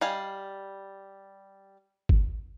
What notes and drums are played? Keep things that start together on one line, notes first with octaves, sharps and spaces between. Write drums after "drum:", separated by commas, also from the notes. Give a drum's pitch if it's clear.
G3 D#5 F5 G#5
drum: kick G1